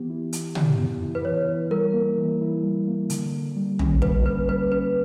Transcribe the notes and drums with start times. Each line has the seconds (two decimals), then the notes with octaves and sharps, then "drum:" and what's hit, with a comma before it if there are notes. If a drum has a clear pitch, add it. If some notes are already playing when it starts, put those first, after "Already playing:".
Already playing: E3 B3 G4
0.09 E4
0.33 E3, drum: hi-hat
0.55 G4, drum: tom
0.78 B3
1.02 E4
1.15 B4
1.25 E3 C#5
1.47 E4
1.71 G3 A#4
1.94 A#3
2.18 E3
2.41 E4
2.63 G3
2.87 A#3
3.10 D3, drum: hi-hat
3.32 D3
3.56 G3
3.79 C#4, drum: tom
4.02 D3 B4, drum: kick
4.25 D3 B4
4.49 G3 B4
4.72 C#4 B4